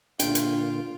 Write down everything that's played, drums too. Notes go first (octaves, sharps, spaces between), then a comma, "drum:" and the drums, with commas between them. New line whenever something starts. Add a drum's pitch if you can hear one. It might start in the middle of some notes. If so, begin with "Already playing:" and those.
A#2 D3 A#3 D4 F4 G5, drum: hi-hat
drum: hi-hat